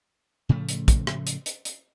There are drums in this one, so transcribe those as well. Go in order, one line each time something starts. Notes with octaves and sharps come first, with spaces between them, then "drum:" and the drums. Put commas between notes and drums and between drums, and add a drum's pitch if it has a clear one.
A2 C#3 F3 A3
drum: hi-hat
drum: kick, hi-hat
drum: rim click
drum: hi-hat
drum: hi-hat
drum: hi-hat